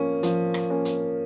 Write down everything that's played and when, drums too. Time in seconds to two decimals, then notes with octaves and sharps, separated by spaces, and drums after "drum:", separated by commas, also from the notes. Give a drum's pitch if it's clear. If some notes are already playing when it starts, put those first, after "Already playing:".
Already playing: F3 A#3 C#4
0.23 F3, drum: hi-hat
0.54 drum: rim click
0.70 A#3 C#4
0.85 drum: hi-hat